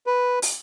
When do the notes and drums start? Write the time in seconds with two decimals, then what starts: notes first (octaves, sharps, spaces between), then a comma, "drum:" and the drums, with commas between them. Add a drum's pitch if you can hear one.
0.06 B4
0.42 drum: open hi-hat